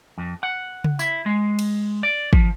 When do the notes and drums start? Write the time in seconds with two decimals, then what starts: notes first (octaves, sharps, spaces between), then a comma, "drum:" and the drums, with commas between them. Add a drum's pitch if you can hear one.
0.18 F2
0.43 F#5
0.84 drum: tom C#3
0.99 E4, drum: tambourine
1.26 G#3
1.59 drum: cymbal
2.03 D5
2.33 F3, drum: kick